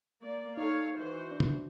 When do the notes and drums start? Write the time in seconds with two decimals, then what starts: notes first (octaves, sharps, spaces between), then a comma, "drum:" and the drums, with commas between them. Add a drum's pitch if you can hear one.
0.20 A#3 D5
0.57 D#4 A4 C#5 F5
0.98 E3 F#4 C5
1.31 D4
1.40 drum: tom